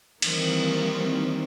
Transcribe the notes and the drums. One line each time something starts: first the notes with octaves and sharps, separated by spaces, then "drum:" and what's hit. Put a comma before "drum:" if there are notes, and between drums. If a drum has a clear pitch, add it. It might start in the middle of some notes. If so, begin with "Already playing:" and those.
D#3 E3 G3 A#3 C4, drum: cymbal